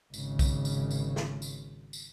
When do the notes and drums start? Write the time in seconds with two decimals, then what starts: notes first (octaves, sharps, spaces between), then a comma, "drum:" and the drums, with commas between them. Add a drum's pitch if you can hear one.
0.14 G#1 C#3, drum: tambourine
0.39 drum: kick B1, tambourine
0.65 drum: tambourine
0.91 drum: tambourine
1.16 drum: snare
1.42 drum: tambourine
1.93 drum: tambourine